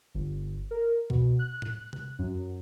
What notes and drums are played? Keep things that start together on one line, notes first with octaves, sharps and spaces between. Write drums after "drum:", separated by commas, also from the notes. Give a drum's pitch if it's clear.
G1
A#4
B2, drum: kick C2
F#6
drum: tom A2
drum: tom C3
F#2